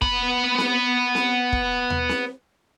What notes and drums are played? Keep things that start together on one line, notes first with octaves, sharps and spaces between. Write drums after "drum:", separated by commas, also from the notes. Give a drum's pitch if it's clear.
B3 B5, drum: kick
drum: snare C4
drum: snare C4
drum: kick
drum: tom D#2
drum: snare C4